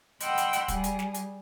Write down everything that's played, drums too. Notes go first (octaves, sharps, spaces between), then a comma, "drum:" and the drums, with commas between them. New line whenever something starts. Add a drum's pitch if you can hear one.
D#5 F#5 G5 B5 C6 E6, drum: hi-hat
drum: hi-hat
drum: hi-hat
G3 G#4, drum: kick, hi-hat
drum: hi-hat
drum: snare
drum: hi-hat